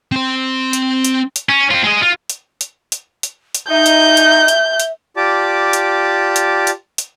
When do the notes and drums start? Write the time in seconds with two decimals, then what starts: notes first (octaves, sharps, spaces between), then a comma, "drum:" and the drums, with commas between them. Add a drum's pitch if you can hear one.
0.12 C4 C5
0.73 drum: hi-hat
1.05 drum: hi-hat
1.36 drum: hi-hat
1.49 C#4
1.71 C4 F4
1.84 G#3 D#5
2.02 F4
2.30 drum: hi-hat
2.61 drum: hi-hat
2.92 drum: hi-hat
3.23 drum: hi-hat
3.55 drum: hi-hat
3.70 D#4 E5 G6
3.86 drum: hi-hat
4.17 drum: hi-hat
4.48 drum: hi-hat
4.80 drum: hi-hat
5.17 F4 G4 D5 A5 D6
5.73 drum: hi-hat
6.36 drum: hi-hat
6.67 drum: hi-hat
6.98 drum: hi-hat